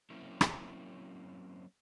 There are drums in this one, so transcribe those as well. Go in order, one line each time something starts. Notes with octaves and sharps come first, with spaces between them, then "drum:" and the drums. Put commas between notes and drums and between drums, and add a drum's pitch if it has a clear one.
F#3 A#3 C4 C#4 E4
drum: rim click